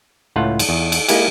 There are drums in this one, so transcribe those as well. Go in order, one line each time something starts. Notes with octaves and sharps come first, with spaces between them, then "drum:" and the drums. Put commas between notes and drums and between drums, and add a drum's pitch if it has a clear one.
C#2 A2 A3 F4 F#5
drum: cymbal
E2
drum: cymbal
G#3 A#3 E4 G4, drum: cymbal